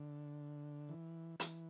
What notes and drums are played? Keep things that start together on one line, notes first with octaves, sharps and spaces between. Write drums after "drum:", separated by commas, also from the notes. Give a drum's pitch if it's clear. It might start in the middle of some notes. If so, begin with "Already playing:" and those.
Already playing: D3
E3
E3, drum: hi-hat